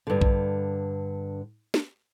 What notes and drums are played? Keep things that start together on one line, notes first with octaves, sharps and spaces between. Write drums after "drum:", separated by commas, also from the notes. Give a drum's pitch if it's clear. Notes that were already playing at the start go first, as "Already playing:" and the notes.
G2 D3
drum: kick A#1
drum: snare